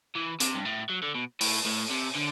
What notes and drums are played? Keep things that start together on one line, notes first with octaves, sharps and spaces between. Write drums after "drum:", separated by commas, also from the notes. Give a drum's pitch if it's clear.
E3
C3, drum: hi-hat
G2
A2
F#3
D3
B2
A2, drum: open hi-hat
A2
C3
D3